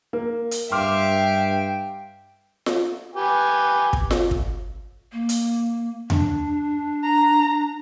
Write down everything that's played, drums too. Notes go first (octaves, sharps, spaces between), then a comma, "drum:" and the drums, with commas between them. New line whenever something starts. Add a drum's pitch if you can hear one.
A#3
drum: hi-hat
G2 E5 F5 G5 C6 D6 F6
drum: snare F4
G4 B4 G#5
drum: kick
drum: snare F4
drum: kick
A#3
drum: hi-hat
D4, drum: tom E2
A#5